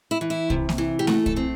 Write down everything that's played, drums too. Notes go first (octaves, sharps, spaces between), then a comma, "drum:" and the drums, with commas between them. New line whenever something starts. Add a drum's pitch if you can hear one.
E4
E3
E4
C3, drum: kick
drum: snare A#3
E3
G4
A3 F#4, drum: snare A#3
A4, drum: kick
C4